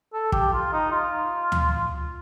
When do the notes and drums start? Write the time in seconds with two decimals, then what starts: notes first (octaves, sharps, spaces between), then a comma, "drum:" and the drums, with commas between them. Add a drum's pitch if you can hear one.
0.13 A4
0.32 G4, drum: kick
0.53 F4
0.73 D#4
0.92 F4
1.52 drum: tom